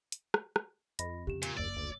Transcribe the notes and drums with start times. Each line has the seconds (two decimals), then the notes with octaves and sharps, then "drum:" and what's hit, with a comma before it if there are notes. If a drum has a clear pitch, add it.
0.12 drum: hi-hat
0.34 drum: rim click
0.56 drum: rim click
0.99 F2 D#5 B5 A#6, drum: hi-hat
1.27 C#3 G4 E7
1.43 A#2, drum: hi-hat
1.57 F#1 D#2 D5 E6
1.76 D2